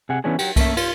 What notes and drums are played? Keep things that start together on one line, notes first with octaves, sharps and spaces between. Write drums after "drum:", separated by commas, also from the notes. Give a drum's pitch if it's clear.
C3 G#4 F#5
E3 B3 C#4 D4 G#4
F#3 G4, drum: cymbal
A3 A#3 C#4 E5, drum: kick C2, cymbal
F4, drum: cymbal